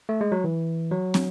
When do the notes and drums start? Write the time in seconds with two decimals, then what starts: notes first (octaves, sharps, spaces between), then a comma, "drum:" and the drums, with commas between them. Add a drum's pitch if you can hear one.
0.09 A3
0.21 G#3
0.32 F#3
0.44 E3
0.91 F#3
1.14 drum: snare